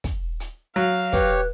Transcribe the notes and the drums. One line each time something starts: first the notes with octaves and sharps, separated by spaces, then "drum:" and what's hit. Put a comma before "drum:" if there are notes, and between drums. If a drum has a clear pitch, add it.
drum: kick, hi-hat
drum: hi-hat
F#3 F5
G4 B4 C#5, drum: kick, hi-hat